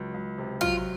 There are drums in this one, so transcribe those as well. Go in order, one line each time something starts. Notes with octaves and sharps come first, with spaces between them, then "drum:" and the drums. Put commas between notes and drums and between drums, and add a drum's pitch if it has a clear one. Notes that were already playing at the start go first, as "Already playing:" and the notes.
Already playing: C#2 F#3
C#2
C3
F#3 F4, drum: kick